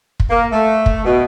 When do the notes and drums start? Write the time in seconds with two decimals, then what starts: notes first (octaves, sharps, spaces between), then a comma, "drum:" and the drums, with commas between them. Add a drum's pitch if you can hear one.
0.20 drum: kick
0.30 A#3
0.53 A3
0.86 drum: kick
1.05 B2